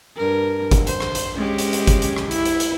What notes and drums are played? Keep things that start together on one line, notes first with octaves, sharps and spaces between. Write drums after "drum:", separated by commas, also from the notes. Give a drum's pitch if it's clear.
G2 A#4
drum: kick, hi-hat
C5, drum: hi-hat
drum: rim click
drum: hi-hat
G#3 C#4 G4
drum: hi-hat
drum: hi-hat
drum: kick, hi-hat
drum: hi-hat
drum: rim click
E4, drum: hi-hat
drum: hi-hat
drum: hi-hat